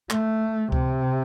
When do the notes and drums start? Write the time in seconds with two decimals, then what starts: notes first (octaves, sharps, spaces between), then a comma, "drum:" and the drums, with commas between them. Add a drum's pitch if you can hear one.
0.10 A3, drum: clap
0.72 C3, drum: kick C#2